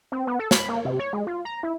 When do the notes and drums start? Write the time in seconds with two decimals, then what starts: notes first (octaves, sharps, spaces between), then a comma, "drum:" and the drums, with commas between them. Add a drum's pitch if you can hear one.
0.12 C4
0.27 B3
0.39 A4
0.51 B5, drum: snare
0.69 A#3
0.85 C3
0.99 C#5
1.13 G#3
1.27 F4
1.45 A#5
1.63 E4